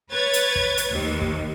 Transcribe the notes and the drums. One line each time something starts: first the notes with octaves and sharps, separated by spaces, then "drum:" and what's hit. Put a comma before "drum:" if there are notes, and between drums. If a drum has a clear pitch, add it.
B4 C#5 G#6 A6
drum: hi-hat
drum: kick
drum: hi-hat
D#2
drum: kick